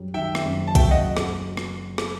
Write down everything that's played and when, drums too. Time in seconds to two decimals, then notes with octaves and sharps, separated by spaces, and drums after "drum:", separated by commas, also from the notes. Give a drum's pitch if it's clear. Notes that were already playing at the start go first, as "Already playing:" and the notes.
Already playing: F#2 G3
0.14 D#3 E5 G5
0.35 drum: rim click
0.45 F#1
0.68 A5
0.75 F#4 E5 G5, drum: kick B1, hi-hat
0.91 D#5 F#5
1.17 drum: rim click
1.57 drum: rim click
1.98 drum: rim click